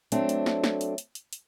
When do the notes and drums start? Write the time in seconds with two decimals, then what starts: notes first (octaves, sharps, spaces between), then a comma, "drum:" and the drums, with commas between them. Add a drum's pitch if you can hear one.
0.12 F#3 A3 C4 D4, drum: hi-hat
0.29 drum: hi-hat
0.46 drum: snare
0.64 drum: snare
0.81 drum: hi-hat
0.98 drum: hi-hat
1.15 drum: hi-hat
1.33 drum: hi-hat